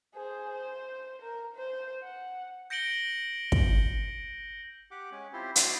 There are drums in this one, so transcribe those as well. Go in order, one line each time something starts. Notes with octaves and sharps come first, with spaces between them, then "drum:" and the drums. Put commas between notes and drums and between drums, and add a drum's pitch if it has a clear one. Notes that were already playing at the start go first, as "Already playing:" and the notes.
G#4 C5
C5
A#4
C5
F#5
G6 A#6 C#7 D7 F#7 G7
drum: kick
G4 F#5 D6
G#3 C#4
C4 E4 F4 G4 C5
E4 F#4 C5 D5 D#5 C6, drum: hi-hat